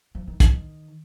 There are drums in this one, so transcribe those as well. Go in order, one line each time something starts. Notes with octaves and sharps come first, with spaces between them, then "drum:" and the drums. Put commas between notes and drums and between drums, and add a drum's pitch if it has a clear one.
F3
D#3
D#3, drum: kick, hi-hat
D#3